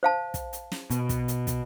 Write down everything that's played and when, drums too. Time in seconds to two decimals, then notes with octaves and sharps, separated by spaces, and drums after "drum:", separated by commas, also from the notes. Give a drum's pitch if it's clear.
0.03 C5 F5 A5
0.34 drum: kick, hi-hat
0.53 drum: hi-hat
0.72 drum: snare
0.90 B2, drum: hi-hat
1.09 drum: kick, hi-hat
1.28 drum: hi-hat
1.47 drum: kick, hi-hat